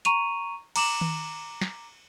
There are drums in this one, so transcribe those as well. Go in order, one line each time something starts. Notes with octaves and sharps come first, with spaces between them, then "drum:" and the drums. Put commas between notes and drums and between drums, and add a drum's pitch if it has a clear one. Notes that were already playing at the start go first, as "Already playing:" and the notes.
A#5 C#6 D#7 F7, drum: hi-hat
A#5 D6 E7 F#7, drum: cymbal
drum: tom D#3
drum: snare